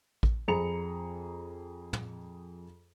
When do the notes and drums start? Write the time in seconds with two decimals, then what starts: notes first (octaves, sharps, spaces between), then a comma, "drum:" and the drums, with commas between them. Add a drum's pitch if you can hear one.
0.23 drum: kick A1
0.48 F2 G#4 A#5 B5 C#7 F7
1.93 drum: tom